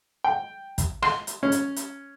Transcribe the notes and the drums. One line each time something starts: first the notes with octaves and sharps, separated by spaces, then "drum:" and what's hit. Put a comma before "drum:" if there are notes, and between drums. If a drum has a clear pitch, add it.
G5
drum: kick, hi-hat
C6, drum: rim click
drum: hi-hat
C#4
drum: hi-hat
drum: hi-hat